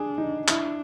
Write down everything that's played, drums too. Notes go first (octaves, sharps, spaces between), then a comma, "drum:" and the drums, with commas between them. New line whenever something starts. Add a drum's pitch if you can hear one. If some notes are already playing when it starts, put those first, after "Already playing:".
Already playing: D4 G#4
D#4
D4 E4, drum: clap